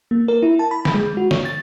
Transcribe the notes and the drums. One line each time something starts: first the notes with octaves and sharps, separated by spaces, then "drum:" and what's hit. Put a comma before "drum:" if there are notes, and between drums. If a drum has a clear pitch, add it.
A#3
A#4
E4
A5
B5
drum: snare
G#3
F#4
C#5, drum: snare
A6